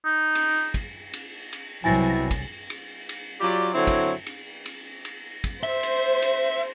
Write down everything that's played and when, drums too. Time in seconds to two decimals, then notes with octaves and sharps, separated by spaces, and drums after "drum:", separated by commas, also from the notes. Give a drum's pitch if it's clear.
0.05 D#4
0.35 drum: cymbal
0.74 drum: kick, cymbal
1.13 drum: cymbal
1.53 drum: cymbal
1.84 C2 B2 F#3 C4 E4 G#5 A6 A#6
2.31 drum: kick, cymbal
2.70 drum: cymbal
3.09 drum: cymbal
3.41 F#3 F4 G4 D5
3.75 D3 F#3 C4 E4 C#5
3.87 drum: kick, cymbal
4.26 drum: cymbal
4.66 drum: cymbal
5.05 drum: cymbal
5.44 drum: kick, cymbal
5.63 C5 E5
5.83 drum: cymbal
6.22 drum: cymbal